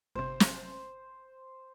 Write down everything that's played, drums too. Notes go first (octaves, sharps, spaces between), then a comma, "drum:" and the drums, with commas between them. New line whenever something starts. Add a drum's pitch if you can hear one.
G1 C3 C5
drum: snare